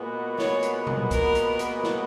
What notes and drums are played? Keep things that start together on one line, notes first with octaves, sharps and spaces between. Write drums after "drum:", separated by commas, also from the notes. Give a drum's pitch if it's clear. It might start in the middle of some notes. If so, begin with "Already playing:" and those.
Already playing: A#2 G#3 B3 F#4 B4
C#5, drum: snare
drum: hi-hat
drum: tom A#2
A#4, drum: kick, hi-hat
drum: hi-hat
drum: hi-hat
drum: snare